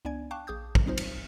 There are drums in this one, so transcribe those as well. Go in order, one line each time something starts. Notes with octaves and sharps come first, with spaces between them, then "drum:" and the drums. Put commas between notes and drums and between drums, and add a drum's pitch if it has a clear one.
C#2 B3 D4 D5 G#5 G#6
F5 G5 A5 C#6 D6 F#6
A#1 G#4 D6 D#6 G6
drum: kick
G3 C4 D#4 F4 C5
drum: cymbal